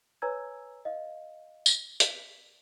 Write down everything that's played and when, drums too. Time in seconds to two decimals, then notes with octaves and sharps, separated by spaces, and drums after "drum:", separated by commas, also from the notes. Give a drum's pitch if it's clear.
0.22 B4 C#5 G#5 A#5 E6 G#6
0.85 D#5 F5
1.66 drum: tambourine
2.00 B6, drum: hi-hat